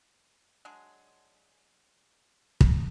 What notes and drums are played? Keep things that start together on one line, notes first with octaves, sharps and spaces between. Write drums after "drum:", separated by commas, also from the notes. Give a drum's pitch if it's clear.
F#3 G#3 D4 G#4
drum: kick